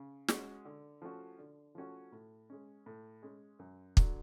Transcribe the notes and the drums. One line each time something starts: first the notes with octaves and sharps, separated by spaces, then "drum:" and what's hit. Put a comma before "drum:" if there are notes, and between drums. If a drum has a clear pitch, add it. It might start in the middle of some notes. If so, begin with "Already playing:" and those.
Already playing: C#3
G#3 C#4 F#4, drum: snare
D3
F3 A3 C#4 F#4
D3
F3 A3 C#4 F#4
A2
G#3 C#4
A2
G#3 C#4
F#2
D3 F#3, drum: kick